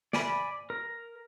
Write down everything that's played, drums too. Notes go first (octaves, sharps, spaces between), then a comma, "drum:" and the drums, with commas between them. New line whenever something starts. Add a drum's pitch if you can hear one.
D5 G#5 B5, drum: snare
A#4